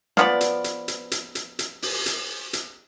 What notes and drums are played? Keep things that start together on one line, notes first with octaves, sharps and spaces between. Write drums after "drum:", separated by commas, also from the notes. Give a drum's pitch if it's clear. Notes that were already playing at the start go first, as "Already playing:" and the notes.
F3 B3 D5, drum: snare
drum: hi-hat
drum: hi-hat
drum: hi-hat
drum: hi-hat
drum: hi-hat
drum: hi-hat
drum: open hi-hat
drum: hi-hat
drum: hi-hat